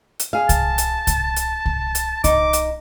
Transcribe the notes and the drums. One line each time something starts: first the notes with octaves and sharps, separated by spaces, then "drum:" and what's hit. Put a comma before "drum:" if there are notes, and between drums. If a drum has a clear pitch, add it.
drum: hi-hat
G#4 F5
A5, drum: kick C2, hi-hat
drum: hi-hat
drum: kick C2, hi-hat
drum: hi-hat
drum: kick C2
drum: hi-hat
D#4 D6, drum: kick C2, hi-hat
drum: hi-hat